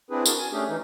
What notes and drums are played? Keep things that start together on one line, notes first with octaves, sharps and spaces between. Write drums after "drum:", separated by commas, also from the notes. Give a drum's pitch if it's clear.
C4 D4 E4 G#4 B4
D4 F#4 G#4 A#4 A5, drum: tambourine
G#5
A3 C#4 D4 G4 G#4
E3 D#4